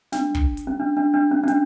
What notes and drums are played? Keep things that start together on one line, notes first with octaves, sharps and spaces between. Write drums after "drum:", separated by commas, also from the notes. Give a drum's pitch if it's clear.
D4, drum: snare
drum: kick
drum: hi-hat
C#4
D4
D4
D4
C#4
C#4
D4, drum: hi-hat